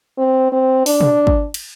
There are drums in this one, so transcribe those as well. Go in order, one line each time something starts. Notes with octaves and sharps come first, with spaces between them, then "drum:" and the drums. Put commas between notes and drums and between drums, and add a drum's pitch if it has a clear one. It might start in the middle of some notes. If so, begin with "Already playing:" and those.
C4
C4
D4, drum: open hi-hat
drum: tom B2
drum: kick
drum: cymbal